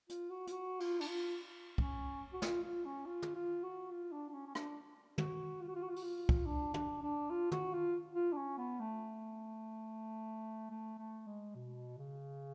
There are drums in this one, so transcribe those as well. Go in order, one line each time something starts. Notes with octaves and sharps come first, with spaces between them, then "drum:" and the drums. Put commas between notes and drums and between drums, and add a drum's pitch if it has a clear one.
F4, drum: hi-hat
F#4
F4, drum: hi-hat
F#4
F4, drum: cymbal
D4, drum: cymbal
F4
C#4, drum: kick
F#4
F4, drum: snare
F4
C#4
F4
drum: tom
F4
F#4
F4
D4
D4
C#4
C#4
D4, drum: rim click
F#4, drum: tom
F4
F#4
F4
F#4
F4
F#4, drum: open hi-hat
F4
drum: kick
D4
D4, drum: tom
D4
F4
F#4, drum: tom
F4
F4
D4
C#4
B3
A3
A3
A3
G#3
B2
C#3